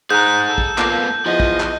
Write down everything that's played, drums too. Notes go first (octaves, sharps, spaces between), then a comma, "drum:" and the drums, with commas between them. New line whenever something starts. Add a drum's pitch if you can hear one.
G#2 G#4 A#5 F#6 G6
A4
drum: kick
A#2 A#3 B3, drum: clap
E2 F3 D#5
drum: kick
drum: clap